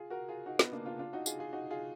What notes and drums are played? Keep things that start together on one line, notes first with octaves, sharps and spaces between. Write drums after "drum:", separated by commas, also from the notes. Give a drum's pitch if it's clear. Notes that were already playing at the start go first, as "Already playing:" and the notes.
Already playing: F4 G#4
F#4 A#4
F4 G#4
D#4 F#4
B3 D#4, drum: snare
A#3 D4
D4 F4
D4 F4
D#4 F#4
F4 G#4, drum: tambourine
F4 G#4
D#4 F#4
F4 G#4